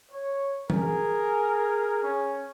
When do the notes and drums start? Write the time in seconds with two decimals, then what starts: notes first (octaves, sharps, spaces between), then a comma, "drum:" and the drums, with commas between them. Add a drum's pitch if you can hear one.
0.11 C#5
0.70 G#4 A#4, drum: tom E3
2.03 C#4